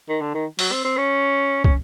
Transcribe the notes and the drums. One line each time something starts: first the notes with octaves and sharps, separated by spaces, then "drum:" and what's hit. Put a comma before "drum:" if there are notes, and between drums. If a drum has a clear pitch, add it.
D#3
D3
D#3
F#3, drum: open hi-hat
C4
C4
C#4
C#4, drum: kick